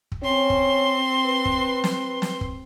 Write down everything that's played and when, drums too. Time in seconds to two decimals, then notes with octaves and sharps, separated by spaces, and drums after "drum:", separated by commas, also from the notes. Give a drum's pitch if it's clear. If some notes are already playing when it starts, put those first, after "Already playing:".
0.12 drum: kick
0.22 C4 C#4 C6
0.50 drum: kick
1.26 B4
1.45 drum: kick
1.84 drum: snare
2.22 drum: snare
2.41 drum: kick